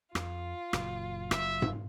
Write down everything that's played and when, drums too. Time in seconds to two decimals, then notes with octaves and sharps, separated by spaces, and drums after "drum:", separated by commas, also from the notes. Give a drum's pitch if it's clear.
0.15 F2 F4, drum: rim click
0.73 F#1 A#2, drum: rim click
1.31 F#1 E5, drum: rim click
1.62 drum: tom G#2